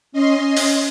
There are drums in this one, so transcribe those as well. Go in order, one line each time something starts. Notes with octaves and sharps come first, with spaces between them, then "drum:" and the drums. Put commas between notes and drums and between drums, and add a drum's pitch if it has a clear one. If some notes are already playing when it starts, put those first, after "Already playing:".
C#4 D#5 C6
drum: open hi-hat